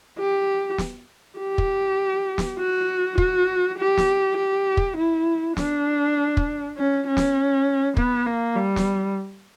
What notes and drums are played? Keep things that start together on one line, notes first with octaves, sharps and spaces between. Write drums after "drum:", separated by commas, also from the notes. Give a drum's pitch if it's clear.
G4
drum: snare
G4
drum: kick
drum: snare
F#4
F#4, drum: kick
G4
drum: snare
G4
drum: kick
E4
D4, drum: snare
drum: kick
C#4
C#4
drum: snare
B3, drum: kick
A#3
G3
drum: snare